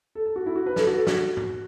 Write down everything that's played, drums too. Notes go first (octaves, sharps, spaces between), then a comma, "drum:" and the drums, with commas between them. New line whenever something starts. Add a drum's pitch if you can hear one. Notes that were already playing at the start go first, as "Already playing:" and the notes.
A4
A4
F#4
E4
F#4
B4
A4, drum: snare
F#4
A4
F#4, drum: snare
drum: tom G2